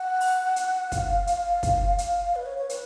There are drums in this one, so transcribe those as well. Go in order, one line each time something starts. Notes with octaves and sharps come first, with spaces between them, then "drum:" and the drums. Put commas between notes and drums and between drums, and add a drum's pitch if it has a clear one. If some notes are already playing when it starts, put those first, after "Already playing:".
Already playing: F#5
drum: open hi-hat
drum: hi-hat
F5, drum: kick, hi-hat
drum: hi-hat
drum: kick, hi-hat
drum: hi-hat
B4
C#5
C#5
B4, drum: hi-hat